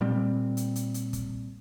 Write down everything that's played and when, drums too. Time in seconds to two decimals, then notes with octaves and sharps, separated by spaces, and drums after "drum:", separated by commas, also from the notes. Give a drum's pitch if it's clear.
0.01 A#2 G3 C4
0.57 drum: hi-hat
0.76 drum: hi-hat
0.94 drum: hi-hat
1.13 drum: kick, hi-hat